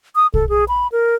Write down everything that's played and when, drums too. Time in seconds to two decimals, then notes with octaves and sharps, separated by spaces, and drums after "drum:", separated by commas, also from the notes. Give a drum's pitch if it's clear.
0.16 D#6
0.34 A4, drum: kick
0.49 G#4
0.68 B5
0.92 A#4